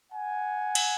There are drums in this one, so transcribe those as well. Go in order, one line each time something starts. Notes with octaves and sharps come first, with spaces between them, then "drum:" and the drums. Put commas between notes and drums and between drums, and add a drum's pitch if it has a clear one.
F#5 G#5
drum: cymbal